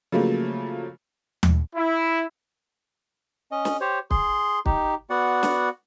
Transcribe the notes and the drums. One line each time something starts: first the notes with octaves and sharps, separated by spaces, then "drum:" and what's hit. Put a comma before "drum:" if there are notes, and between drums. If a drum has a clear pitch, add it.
C#3 F3 F#3 A3 A#3
drum: tom D#2
E4
C#4 D#5
drum: snare
G4 C5 C#5
G#4 C6, drum: kick
D#4 G4, drum: kick
B3 F#4 D5 F#5
drum: snare